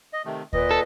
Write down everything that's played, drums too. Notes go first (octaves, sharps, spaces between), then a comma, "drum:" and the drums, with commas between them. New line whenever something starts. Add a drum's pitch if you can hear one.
D#5
C3 D#3 A3
A#2 B4 D#5, drum: kick D2
A4